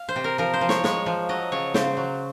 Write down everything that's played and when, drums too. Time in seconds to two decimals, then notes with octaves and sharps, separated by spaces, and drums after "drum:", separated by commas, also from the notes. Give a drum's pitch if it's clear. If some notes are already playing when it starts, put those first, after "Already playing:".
Already playing: F5
0.09 C5
0.16 C3
0.24 A#4
0.38 F3 A#4
0.54 C5
0.61 F3
0.69 C#5, drum: snare
0.84 G#3 C#5, drum: snare
1.06 F3
1.29 F#3 D#5
1.52 C#3 C#5
1.74 C#3 C5, drum: snare
1.97 F#3